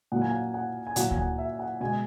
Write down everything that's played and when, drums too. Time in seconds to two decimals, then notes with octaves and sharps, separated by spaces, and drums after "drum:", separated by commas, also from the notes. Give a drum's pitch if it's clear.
0.12 A#2 F#3 A#3 F#5
0.22 G#5
0.32 F#5
0.54 F#5
0.87 G#5
0.96 A#2 F#3 A#3 F#5, drum: hi-hat
1.11 G#5, drum: kick D2
1.18 F#5
1.38 E5
1.59 F#5
1.81 B2 G#3 G#5